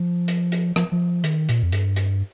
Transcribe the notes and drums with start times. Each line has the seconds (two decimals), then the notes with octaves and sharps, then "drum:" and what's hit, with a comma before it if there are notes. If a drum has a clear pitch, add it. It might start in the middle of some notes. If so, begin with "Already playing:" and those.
Already playing: F3
0.28 drum: hi-hat
0.52 drum: hi-hat
0.76 F3, drum: rim click
0.92 F3
1.24 D#3, drum: hi-hat
1.49 A#2, drum: hi-hat
1.63 F2
1.72 G2, drum: hi-hat
1.96 drum: hi-hat